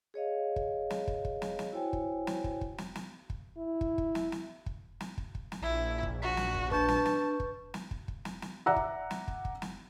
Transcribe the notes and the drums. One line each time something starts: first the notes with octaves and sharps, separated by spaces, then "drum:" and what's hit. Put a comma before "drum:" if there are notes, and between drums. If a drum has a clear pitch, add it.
G#4 C#5 D#5 F5
drum: kick
drum: snare
drum: kick
drum: kick
drum: snare
drum: snare
E4 F#4 C5 C#5 G5 G#5
drum: kick
drum: snare
drum: kick
drum: kick
drum: snare
drum: snare
drum: kick
E4
drum: kick
drum: kick
drum: snare
drum: snare
drum: kick
drum: snare
drum: kick
drum: kick
drum: snare
A#1 E4
drum: kick
F#4 B6
drum: snare
drum: kick
D4 B4 A5 C#6 G6, drum: kick
drum: snare
drum: snare
drum: kick
drum: snare
drum: kick
drum: kick
drum: snare
drum: snare
D5 E5 F#5 A#5 E6
drum: kick
drum: snare
drum: kick
drum: kick
drum: snare